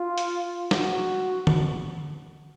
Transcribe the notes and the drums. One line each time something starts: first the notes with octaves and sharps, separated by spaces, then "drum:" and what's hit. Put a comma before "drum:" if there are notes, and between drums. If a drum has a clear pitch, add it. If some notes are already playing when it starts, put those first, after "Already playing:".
Already playing: F4
drum: hi-hat
F#4, drum: snare
drum: tom